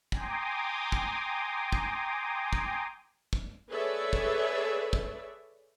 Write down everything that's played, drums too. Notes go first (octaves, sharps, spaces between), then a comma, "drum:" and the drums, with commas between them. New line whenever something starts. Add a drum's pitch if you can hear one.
G5 G#5 A#5 C6 D6 D#6, drum: kick
drum: kick
drum: kick
drum: kick
drum: kick
G#4 A4 B4 C#5 D5 E5
drum: kick
drum: kick